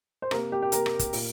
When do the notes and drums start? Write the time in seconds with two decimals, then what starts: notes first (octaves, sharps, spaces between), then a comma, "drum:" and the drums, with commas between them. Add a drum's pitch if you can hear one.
0.22 C5
0.31 C3 A#3 A#4, drum: rim click
0.52 G4
0.62 G4
0.72 C3 A#3 A#4, drum: hi-hat
0.86 drum: rim click
0.99 drum: kick, hi-hat
1.13 A#2 A#3, drum: open hi-hat